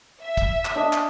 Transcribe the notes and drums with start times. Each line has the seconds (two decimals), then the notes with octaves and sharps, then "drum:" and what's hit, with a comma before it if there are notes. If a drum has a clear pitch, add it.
0.23 E5
0.37 drum: kick, hi-hat
0.65 drum: clap
0.76 D4 D#5
0.93 drum: clap